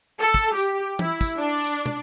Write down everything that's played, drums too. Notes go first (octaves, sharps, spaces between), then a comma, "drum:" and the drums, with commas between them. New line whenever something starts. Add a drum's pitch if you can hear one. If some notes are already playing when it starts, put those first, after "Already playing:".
A4
drum: kick
G4, drum: tambourine
E4, drum: tom
drum: kick, tambourine
D4
drum: tambourine
drum: tom